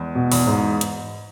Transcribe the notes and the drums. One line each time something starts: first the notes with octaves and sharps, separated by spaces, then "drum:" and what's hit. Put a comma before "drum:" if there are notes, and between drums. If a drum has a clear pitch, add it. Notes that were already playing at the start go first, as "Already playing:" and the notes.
Already playing: E2 G#3
B2
E2, drum: open hi-hat
G#2
drum: hi-hat